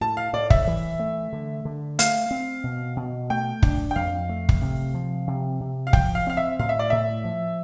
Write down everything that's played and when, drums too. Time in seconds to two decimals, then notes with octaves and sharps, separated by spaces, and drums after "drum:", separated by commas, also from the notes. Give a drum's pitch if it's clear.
0.01 A2 A5
0.17 F5
0.33 A2 D5
0.50 E5, drum: kick
0.67 E3
0.99 A3
1.33 D3
1.65 D3
1.99 A3 F5, drum: hi-hat
2.31 C4
2.64 B2
2.97 B2
3.30 A3 G5
3.62 D4, drum: kick
3.91 G5
3.96 F2 F5
4.29 A3
4.49 drum: kick
4.61 C3
4.94 F3
5.27 C3
5.60 C3
5.87 F5
5.93 F3 G5, drum: kick
6.15 F5
6.27 C4 F5
6.37 E5
6.59 A2 F5
6.69 E5
6.79 D5
6.90 A2 E5
7.24 F3